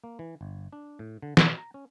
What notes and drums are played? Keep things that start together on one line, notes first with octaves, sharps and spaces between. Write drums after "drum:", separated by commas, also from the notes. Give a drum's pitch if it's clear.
A#3
E3
G1
D4
A2
D3
B2, drum: snare
A#5
C#4